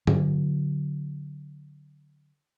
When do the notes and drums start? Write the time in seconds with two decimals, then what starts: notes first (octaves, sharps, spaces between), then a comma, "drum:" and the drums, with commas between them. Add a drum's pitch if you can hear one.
0.07 D3 F#3, drum: tom G2